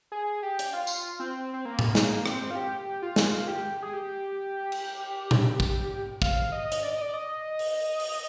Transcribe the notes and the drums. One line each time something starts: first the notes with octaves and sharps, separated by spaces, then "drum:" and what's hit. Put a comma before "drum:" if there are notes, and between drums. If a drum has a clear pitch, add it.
G#4
G4
drum: hi-hat
F4
drum: tambourine
C4
C4
A#3
drum: tom A2
A#3, drum: snare
C4, drum: rim click
F4
G4
F4
drum: snare
G4
G#4
G4
drum: cymbal
drum: tom A#2
drum: kick
F5, drum: kick
D#5
drum: hi-hat
D5
D#5
D5
D#5
drum: open hi-hat
drum: open hi-hat